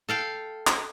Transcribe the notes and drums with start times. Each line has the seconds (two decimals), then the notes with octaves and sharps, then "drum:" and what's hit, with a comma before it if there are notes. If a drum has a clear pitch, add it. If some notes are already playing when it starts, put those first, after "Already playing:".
0.09 A4 F5 G5
0.67 drum: clap